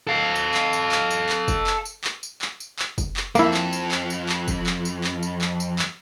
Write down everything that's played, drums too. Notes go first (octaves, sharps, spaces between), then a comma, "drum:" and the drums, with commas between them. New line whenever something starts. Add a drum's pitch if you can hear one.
A4 F5
drum: tambourine
drum: clap
drum: tambourine
drum: clap
drum: tambourine
drum: clap
drum: kick, tambourine
drum: clap
drum: tambourine
drum: clap
drum: tambourine
drum: clap
drum: tambourine
drum: clap
drum: kick, tambourine
drum: clap
F2 A#3 E4, drum: tambourine
drum: clap
drum: tambourine
drum: clap
drum: tambourine
drum: clap
drum: kick, tambourine
drum: clap
drum: tambourine
drum: clap
drum: tambourine
drum: clap
drum: tambourine
drum: clap